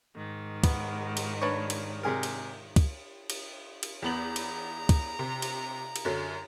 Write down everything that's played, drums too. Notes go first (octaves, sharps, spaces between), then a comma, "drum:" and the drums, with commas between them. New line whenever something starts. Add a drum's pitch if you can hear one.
G#2 D#3
B3, drum: kick, cymbal
drum: cymbal
D4 B4 C#5
drum: cymbal
C3 G#4 A#4
drum: cymbal
drum: kick, cymbal
drum: cymbal
drum: cymbal
E2 B3 A#5 F#7
drum: cymbal
drum: kick, cymbal
C3
drum: cymbal
drum: cymbal
F#2 D3 F#3